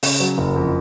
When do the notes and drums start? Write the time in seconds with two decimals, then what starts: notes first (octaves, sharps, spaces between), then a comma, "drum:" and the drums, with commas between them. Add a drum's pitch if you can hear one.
0.03 C#3, drum: open hi-hat
0.20 F#3
0.38 F#1
0.56 F2